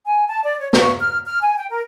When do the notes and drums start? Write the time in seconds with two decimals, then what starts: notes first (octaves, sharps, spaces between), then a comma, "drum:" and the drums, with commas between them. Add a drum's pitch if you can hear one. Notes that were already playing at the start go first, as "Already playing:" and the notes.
0.06 G#5
0.28 A5
0.43 D5
0.60 C#5
0.73 C#6, drum: snare
0.99 F6
1.25 F6
1.41 G#5
1.57 G5
1.71 A#4